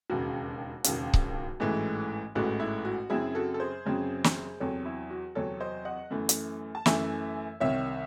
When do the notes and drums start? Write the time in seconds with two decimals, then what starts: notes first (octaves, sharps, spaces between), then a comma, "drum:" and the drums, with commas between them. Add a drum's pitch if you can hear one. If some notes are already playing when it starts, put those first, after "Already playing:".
0.10 E1 D#2 C#3 F#4
0.84 E1 D#2 C#3, drum: hi-hat
1.14 drum: kick C#1
1.60 A1 G#2 E3 A3
2.35 A1 G#2 E3 A3 F#4
2.60 E4
2.85 F#4
3.10 F#2 C#3 F#3 C4 E4 G#4
3.35 F#4 A4
3.54 A4
3.60 G#4 C5
3.85 F#2 C#3 F#3 C4
4.24 drum: snare
4.60 E2 C3 F#3 C4 A4 C#5
4.85 E4
5.10 F#4
5.35 E2 C3 F#3 C4 A4 C#5
5.60 C5 D#5
5.85 D#5 F#5
6.10 F#2 E3 A3
6.29 drum: hi-hat
6.75 A5
6.86 F#2 E3 A3 E5 G#5, drum: snare
7.60 C2 C3 D#3 C#5 E5